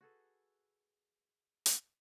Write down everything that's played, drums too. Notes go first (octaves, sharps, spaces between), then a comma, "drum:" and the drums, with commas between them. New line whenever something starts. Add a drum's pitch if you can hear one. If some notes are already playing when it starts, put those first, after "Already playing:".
F#4 G#4 A4 B4
drum: hi-hat